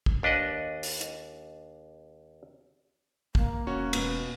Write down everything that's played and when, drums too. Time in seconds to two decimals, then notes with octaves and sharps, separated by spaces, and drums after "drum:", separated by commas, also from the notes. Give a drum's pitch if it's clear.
0.06 drum: kick
0.23 D#2 D4 B4 D#5 F#5
0.83 drum: open hi-hat
1.01 drum: hi-hat
3.35 A#3, drum: kick
3.67 E1 C#4 F#4 C#5
3.93 B2, drum: cymbal